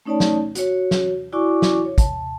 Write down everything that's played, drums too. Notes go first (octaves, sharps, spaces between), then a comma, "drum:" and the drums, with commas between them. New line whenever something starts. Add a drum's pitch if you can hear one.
A3 C#4 D#4 C#5 D5 A5
drum: snare
F#4 C#5, drum: hi-hat
drum: snare
E4 F#4 D5 G#5 C#6 D6
drum: snare
C#5
A5, drum: kick, hi-hat